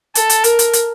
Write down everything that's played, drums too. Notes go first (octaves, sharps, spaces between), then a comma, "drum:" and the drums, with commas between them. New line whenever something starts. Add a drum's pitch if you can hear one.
A4, drum: hi-hat
drum: hi-hat
A#4, drum: hi-hat
drum: hi-hat
drum: hi-hat